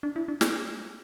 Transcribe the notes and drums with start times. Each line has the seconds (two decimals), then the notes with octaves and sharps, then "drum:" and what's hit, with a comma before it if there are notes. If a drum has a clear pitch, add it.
0.03 D4
0.16 E4
0.28 D4
0.41 C4, drum: snare